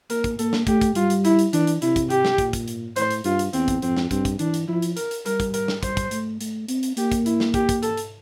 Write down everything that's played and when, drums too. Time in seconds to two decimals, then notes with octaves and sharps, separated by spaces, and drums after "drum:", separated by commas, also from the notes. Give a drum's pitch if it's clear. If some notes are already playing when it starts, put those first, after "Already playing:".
0.10 A#3 A#4, drum: hi-hat
0.24 drum: kick, hi-hat
0.39 A#3 A4, drum: hi-hat
0.53 drum: snare
0.67 A3 G4, drum: kick, hi-hat
0.81 drum: kick, hi-hat
0.95 G3 F4, drum: hi-hat
1.10 drum: hi-hat
1.25 E4, drum: hi-hat
1.39 drum: hi-hat
1.53 E3 D4, drum: hi-hat
1.67 drum: hi-hat
1.82 C3 E4, drum: hi-hat
1.96 drum: kick, hi-hat
2.10 G4, drum: hi-hat
2.25 drum: snare
2.38 A#2, drum: kick, hi-hat
2.53 drum: kick, hi-hat
2.68 drum: hi-hat
2.96 A2 C5, drum: hi-hat
3.11 drum: hi-hat
3.24 G2 F4, drum: hi-hat
3.39 drum: hi-hat
3.53 E2 C4, drum: hi-hat
3.68 drum: kick, hi-hat
3.82 F2 C4, drum: hi-hat
3.96 drum: snare
4.11 G2 C4, drum: kick, hi-hat
4.25 drum: kick, hi-hat
4.39 E3 D4, drum: hi-hat
4.54 drum: hi-hat
4.68 F3 E4
4.82 drum: hi-hat
4.97 A#4, drum: hi-hat
5.11 drum: hi-hat
5.26 G3 A#4, drum: hi-hat
5.40 drum: kick, hi-hat
5.54 A#4, drum: hi-hat
5.68 drum: snare
5.83 G3 C5, drum: kick, hi-hat
5.97 drum: kick, hi-hat
6.11 A3, drum: hi-hat
6.41 A3, drum: hi-hat
6.68 C4, drum: hi-hat
6.83 drum: hi-hat
6.97 A#3 G4, drum: hi-hat
7.12 drum: kick, hi-hat
7.26 E4, drum: hi-hat
7.40 drum: snare
7.54 G4, drum: kick, hi-hat
7.69 drum: kick, hi-hat
7.83 A4, drum: hi-hat
7.97 drum: hi-hat